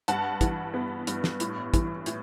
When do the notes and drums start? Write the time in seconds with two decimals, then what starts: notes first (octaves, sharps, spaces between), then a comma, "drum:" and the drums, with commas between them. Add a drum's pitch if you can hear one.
0.08 G2 F#5 A5, drum: hi-hat
0.41 E3, drum: kick, hi-hat
0.74 B3
1.07 G2, drum: hi-hat
1.24 drum: snare
1.40 A2, drum: hi-hat
1.74 E3, drum: kick, hi-hat
2.06 A2, drum: hi-hat